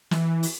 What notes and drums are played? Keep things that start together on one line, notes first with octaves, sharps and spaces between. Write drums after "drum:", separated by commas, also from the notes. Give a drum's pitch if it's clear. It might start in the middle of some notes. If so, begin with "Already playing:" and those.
E3, drum: snare
drum: open hi-hat